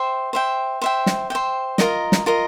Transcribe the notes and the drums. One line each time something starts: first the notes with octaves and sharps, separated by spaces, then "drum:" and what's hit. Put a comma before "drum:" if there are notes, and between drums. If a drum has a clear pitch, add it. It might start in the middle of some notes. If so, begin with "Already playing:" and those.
Already playing: C5 E5 G5
C5 E5 G5
C5 E5 G5
drum: snare
C5 E5 G5
F4 A#4 D#5, drum: snare
drum: snare
F4 A#4 D#5